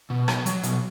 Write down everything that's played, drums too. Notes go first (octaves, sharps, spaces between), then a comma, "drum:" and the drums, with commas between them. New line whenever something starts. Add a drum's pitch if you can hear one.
B2
F#3, drum: rim click
F#3, drum: hi-hat
B2, drum: hi-hat